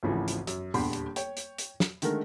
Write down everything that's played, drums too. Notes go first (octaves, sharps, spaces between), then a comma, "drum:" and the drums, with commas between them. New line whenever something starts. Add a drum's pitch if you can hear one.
G#1 D2 C#3 E3 F3
drum: hi-hat
F#2, drum: hi-hat
D#1 E2 D3 G4 B5 C6, drum: open hi-hat
drum: hi-hat
C#5 G5, drum: hi-hat
drum: hi-hat
drum: hi-hat
drum: snare
D3 D#3 G#3 A3 A#4, drum: hi-hat